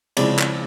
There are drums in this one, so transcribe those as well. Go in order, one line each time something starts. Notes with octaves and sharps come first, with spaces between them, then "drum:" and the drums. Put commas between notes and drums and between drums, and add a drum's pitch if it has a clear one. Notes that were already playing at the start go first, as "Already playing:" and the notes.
C#3 F3 G#3 C4 E4 D5, drum: cymbal
drum: clap